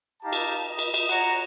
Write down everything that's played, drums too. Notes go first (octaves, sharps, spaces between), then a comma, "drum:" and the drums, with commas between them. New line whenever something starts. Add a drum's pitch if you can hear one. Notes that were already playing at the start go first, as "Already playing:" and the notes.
D#4 G4 F5 A5 A#5
drum: cymbal
D#5
drum: cymbal
drum: cymbal
C#5 F#5 A#5, drum: cymbal